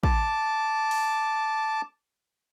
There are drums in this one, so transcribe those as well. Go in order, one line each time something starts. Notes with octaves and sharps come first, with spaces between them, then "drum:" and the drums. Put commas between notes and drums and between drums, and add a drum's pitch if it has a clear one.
A5 D6, drum: kick
drum: open hi-hat